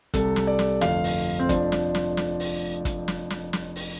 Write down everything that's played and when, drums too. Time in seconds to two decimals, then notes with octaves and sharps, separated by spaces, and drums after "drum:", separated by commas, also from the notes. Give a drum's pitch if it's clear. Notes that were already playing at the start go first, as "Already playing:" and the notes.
0.14 C2 C3 G3 A4, drum: kick, hi-hat
0.36 drum: snare
0.47 D5
0.59 drum: snare
0.81 G1 F2 F3 A3 F5, drum: snare
1.04 drum: open hi-hat
1.39 C4
1.49 F1 F2 F3 D4, drum: kick, hi-hat
1.72 drum: snare
1.95 drum: snare
2.17 drum: snare
2.40 drum: open hi-hat
2.85 drum: kick, hi-hat
3.08 drum: snare
3.30 drum: snare
3.53 drum: snare
3.76 drum: open hi-hat